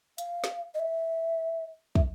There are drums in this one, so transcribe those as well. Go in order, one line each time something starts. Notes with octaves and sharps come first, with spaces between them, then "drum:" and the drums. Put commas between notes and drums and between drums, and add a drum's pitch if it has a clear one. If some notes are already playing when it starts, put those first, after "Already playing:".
F5, drum: hi-hat
drum: snare
D#5
E5
E5, drum: kick